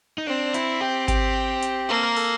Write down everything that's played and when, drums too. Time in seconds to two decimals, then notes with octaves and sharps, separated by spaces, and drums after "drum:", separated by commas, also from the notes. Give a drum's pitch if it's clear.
0.18 D#4
0.27 C4 D4
0.54 E4, drum: hi-hat
0.81 G4
1.08 G4, drum: kick G#1, hi-hat
1.63 drum: hi-hat
1.89 A#3 A4
2.03 A#4
2.17 A4, drum: open hi-hat